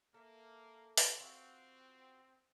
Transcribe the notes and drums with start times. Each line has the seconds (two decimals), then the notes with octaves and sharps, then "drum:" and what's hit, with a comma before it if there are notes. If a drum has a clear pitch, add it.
0.14 A#3 A4 E5
0.97 drum: open hi-hat
1.18 C4 F4 F#4